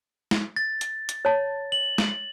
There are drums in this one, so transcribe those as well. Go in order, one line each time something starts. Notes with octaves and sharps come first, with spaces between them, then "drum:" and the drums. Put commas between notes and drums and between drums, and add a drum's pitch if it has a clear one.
drum: snare
A6
drum: hi-hat
drum: hi-hat
C#5 A5
F#7
drum: snare